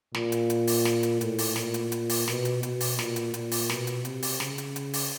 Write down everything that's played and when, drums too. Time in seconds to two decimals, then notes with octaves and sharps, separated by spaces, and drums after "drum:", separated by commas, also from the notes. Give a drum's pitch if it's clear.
0.14 A#2, drum: snare
0.32 drum: hi-hat
0.50 drum: hi-hat
0.67 drum: open hi-hat
0.85 drum: snare
1.03 drum: hi-hat
1.21 A2, drum: hi-hat
1.38 drum: open hi-hat
1.56 A#2, drum: snare
1.74 drum: hi-hat
1.92 drum: hi-hat
2.10 drum: open hi-hat
2.28 B2, drum: snare
2.45 drum: hi-hat
2.63 B2, drum: hi-hat
2.81 drum: open hi-hat
2.99 A#2, drum: snare
3.16 drum: hi-hat
3.34 A#2, drum: hi-hat
3.52 drum: open hi-hat
3.70 B2, drum: snare
3.87 drum: hi-hat
4.05 C3, drum: hi-hat
4.23 drum: open hi-hat
4.40 C#3, drum: snare
4.58 drum: hi-hat
4.76 drum: hi-hat
4.94 drum: open hi-hat